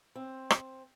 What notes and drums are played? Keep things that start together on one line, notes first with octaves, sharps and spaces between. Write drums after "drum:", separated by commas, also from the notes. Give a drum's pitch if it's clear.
C4
drum: rim click